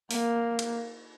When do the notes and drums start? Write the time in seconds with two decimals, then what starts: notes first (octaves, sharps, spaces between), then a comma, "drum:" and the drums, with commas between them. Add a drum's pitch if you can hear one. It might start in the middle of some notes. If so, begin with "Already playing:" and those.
0.11 A#3, drum: open hi-hat
0.59 drum: cymbal